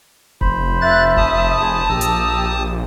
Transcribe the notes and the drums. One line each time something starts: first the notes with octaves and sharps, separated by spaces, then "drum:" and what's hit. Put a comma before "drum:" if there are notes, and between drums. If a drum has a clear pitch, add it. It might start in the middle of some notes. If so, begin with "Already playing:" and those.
F1 C5 B5, drum: kick F#1
E5 F#6 A6
A5 D#6, drum: kick F#1
G#4
A#1 G4 A#5 E6
drum: hi-hat